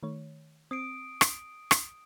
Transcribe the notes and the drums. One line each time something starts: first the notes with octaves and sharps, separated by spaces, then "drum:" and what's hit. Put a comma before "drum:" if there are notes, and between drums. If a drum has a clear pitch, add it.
D#3 A3 C#5
C4 D#6 C7 D7
drum: rim click
drum: rim click